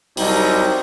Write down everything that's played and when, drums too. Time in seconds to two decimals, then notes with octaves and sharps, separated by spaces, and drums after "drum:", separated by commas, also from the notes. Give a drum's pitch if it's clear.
0.17 C2 C3 F#3 D#4, drum: open hi-hat